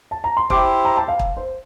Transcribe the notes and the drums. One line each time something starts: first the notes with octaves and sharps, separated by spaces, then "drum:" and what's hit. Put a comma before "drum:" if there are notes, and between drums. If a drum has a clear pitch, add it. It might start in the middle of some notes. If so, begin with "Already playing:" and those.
A5
A#5
C6
E4 G4 C5 D6, drum: kick
A#5
A5
F5
drum: kick
C5